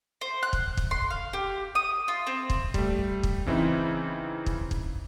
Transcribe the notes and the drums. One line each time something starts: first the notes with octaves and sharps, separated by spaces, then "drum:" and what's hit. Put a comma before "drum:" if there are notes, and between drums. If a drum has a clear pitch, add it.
C5
F#6
drum: kick
drum: kick
C6
F5
G4
D#6
F4
C4
drum: kick
G3 A3, drum: kick
drum: kick
C#3 E3 C4 D#4 E4
drum: kick
drum: kick